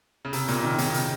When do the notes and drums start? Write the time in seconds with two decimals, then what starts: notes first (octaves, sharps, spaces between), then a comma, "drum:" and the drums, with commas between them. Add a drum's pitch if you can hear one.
0.25 C#3
0.33 C3, drum: hi-hat
0.48 A#2 C#3, drum: hi-hat
0.63 C3 D#3
0.78 A#2 C#3, drum: hi-hat
0.94 drum: hi-hat